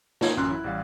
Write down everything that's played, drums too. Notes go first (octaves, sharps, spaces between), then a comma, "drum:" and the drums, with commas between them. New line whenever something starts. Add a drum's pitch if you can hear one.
D#4 G#6, drum: snare
A1 F#2 C#4 C6 F#6
E4
A1 G3 F5